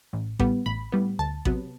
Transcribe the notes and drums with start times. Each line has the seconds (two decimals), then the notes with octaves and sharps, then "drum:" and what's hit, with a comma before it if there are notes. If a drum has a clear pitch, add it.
0.13 A1
0.39 A2 G3 B3, drum: kick A1
0.66 A1 B5
0.92 A2 G3 B3
1.19 D2 A5
1.45 C3 F#3 B3, drum: kick A1